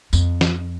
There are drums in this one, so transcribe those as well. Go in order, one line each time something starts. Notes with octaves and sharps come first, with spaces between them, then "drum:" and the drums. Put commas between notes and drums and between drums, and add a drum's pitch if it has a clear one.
F2, drum: tambourine
drum: snare